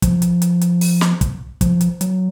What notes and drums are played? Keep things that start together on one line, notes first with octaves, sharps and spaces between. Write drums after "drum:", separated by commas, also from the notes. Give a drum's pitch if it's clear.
F3, drum: kick, hi-hat
drum: hi-hat
drum: hi-hat
drum: hi-hat
drum: open hi-hat
drum: snare
drum: kick, hi-hat
F3, drum: kick, hi-hat
drum: hi-hat
F#3, drum: hi-hat